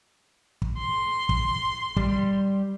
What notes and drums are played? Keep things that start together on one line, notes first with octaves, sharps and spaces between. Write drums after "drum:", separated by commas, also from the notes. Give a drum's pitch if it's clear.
drum: kick
C6
drum: kick
G3, drum: kick